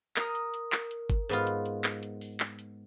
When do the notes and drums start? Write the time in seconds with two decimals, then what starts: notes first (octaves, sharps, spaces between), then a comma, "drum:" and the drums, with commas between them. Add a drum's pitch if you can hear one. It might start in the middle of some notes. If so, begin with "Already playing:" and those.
0.16 A#4 D#6, drum: clap
0.35 drum: hi-hat
0.54 drum: hi-hat
0.72 drum: clap
0.91 drum: hi-hat
1.10 drum: kick G1, hi-hat
1.29 G#2 B3 F4, drum: hi-hat
1.47 drum: hi-hat
1.65 drum: hi-hat
1.84 drum: clap
2.03 drum: hi-hat
2.21 drum: open hi-hat
2.40 drum: clap
2.59 drum: hi-hat